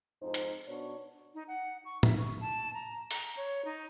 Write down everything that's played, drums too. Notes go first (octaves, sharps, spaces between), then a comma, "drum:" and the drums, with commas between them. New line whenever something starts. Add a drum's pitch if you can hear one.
F2 G#2 D#4 C5
drum: hi-hat
B2 D4 C#5
D#4
F#5
C#6
E5, drum: tom A2
C#6
A5
A#5
A#5, drum: open hi-hat
C#5
D#4